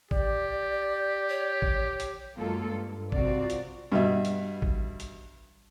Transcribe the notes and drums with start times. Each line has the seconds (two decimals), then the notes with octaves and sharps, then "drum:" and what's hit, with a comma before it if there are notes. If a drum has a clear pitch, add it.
0.11 G4 D5, drum: kick A1
1.29 C#5
1.62 drum: kick A1
2.00 drum: hi-hat
2.38 F#2 G#3 A#3 F4 A4
2.69 G2
3.12 C3 C4 F4 F#4 D5, drum: kick A1
3.50 drum: hi-hat
3.92 G2 B2 E5
4.25 drum: hi-hat
4.62 drum: kick A1
5.00 drum: hi-hat